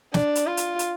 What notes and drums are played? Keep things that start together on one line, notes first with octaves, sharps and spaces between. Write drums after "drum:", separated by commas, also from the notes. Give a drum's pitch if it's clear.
D4, drum: snare
drum: hi-hat
F4
drum: hi-hat
drum: hi-hat